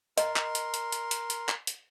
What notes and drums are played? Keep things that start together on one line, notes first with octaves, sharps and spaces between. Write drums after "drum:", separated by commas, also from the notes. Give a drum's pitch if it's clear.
A#4 D#5 C6, drum: hi-hat
drum: clap
drum: hi-hat
drum: hi-hat
drum: hi-hat
drum: hi-hat
drum: hi-hat
drum: clap
drum: hi-hat